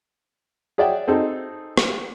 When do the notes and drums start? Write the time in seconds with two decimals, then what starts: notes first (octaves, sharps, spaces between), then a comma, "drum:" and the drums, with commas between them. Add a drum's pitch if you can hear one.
0.78 G#4 C#5 D5 E5 F#5 G5
1.08 C4 D#4 G#4 A4
1.77 drum: rim click